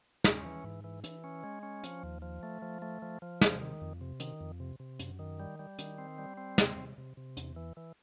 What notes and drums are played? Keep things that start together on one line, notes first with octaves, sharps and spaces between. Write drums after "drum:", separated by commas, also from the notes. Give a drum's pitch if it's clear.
C#4, drum: snare
E3
G#2
E3
E3, drum: hi-hat
C#4
G#3
C#4
F3, drum: hi-hat
D#2
F3
A3
F3
A3
F3
F3
C3, drum: snare
D#3
F2
C3
D#3, drum: hi-hat
F2
C3
C3
F#2, drum: hi-hat
D#3
G3
G3
D#3, drum: hi-hat
C4
G3
C4
C3, drum: snare
C3
C3
C3
E2, drum: hi-hat
E3
E3